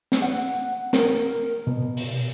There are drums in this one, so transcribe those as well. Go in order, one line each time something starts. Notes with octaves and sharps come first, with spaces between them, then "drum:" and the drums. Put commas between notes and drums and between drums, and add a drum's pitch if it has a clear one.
drum: snare
F#5
A#4, drum: snare
B2
drum: open hi-hat